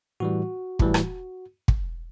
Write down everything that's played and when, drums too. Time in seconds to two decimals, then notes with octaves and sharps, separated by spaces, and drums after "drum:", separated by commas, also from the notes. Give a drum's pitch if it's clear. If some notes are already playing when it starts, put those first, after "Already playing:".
0.20 A2 E3 G3 F#4
0.79 A2 E3 G3, drum: kick
0.94 drum: rim click
1.68 drum: kick